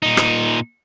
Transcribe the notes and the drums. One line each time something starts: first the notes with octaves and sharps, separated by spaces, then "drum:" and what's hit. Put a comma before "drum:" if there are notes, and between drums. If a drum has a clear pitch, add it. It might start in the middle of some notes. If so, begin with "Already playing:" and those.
A#2 D#4
drum: rim click